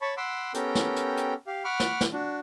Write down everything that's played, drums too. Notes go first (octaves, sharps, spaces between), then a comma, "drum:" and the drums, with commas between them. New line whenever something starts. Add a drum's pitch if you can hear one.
C#5 A5 B5 C#6
F#5 B5 C6 D6 E6
B3 C#4 G4 A4 A#4 G5, drum: hi-hat
drum: snare
drum: hi-hat
drum: hi-hat
G4 F5
F#5 B5 C#6 D6 F6
drum: snare
drum: snare
D4 F#4